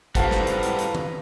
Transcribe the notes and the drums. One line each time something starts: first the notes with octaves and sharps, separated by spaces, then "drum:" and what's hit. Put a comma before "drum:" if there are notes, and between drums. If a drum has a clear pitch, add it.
A2 G3 C4 F4 A4 B4 F#5 A#5, drum: kick, hi-hat
drum: snare
drum: hi-hat
drum: hi-hat
drum: hi-hat
drum: tom D#3